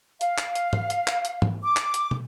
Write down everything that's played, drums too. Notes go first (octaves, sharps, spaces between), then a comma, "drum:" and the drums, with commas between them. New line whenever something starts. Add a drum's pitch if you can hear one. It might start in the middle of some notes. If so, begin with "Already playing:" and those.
F5, drum: hi-hat
drum: clap
drum: hi-hat
drum: tom G#2
drum: hi-hat
drum: clap
drum: hi-hat
drum: tom
D6
drum: clap
drum: hi-hat
drum: tom